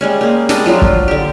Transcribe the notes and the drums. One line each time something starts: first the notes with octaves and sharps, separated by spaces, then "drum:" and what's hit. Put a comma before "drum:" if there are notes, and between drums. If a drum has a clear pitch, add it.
G3 G#3 C#4
A#3 G#4
G3 G#3 D4 D#5, drum: snare
F3 F#3 D4 F4
drum: kick
D3 G4